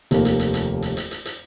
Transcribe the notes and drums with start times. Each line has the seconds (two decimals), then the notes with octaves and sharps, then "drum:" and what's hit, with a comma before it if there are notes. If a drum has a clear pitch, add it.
0.11 F1 D#2 D#3 A#3, drum: hi-hat
0.25 drum: hi-hat
0.39 drum: hi-hat
0.54 drum: hi-hat
0.82 drum: hi-hat
0.97 drum: hi-hat
1.11 drum: hi-hat
1.25 drum: hi-hat